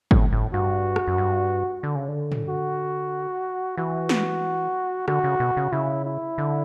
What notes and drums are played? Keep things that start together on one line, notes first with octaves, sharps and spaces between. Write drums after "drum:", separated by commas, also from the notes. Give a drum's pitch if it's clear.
A2, drum: kick G1
A2
G2 F#4
drum: rim click
F#2
G2
D3
C#3
D3
drum: tom
F#4
E3 F#4
drum: snare
D3 F#4, drum: rim click
C#3
B2
C#3
C#3 E4
E4
D3